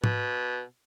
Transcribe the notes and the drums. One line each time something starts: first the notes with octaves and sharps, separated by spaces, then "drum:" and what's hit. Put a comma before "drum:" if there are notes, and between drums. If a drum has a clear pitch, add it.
B2, drum: tom